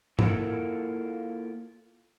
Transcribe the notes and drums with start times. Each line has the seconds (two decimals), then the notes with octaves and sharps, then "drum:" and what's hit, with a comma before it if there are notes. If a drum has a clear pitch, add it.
0.19 A#3 E4 F4 A4 A#4 F#5, drum: tom G#2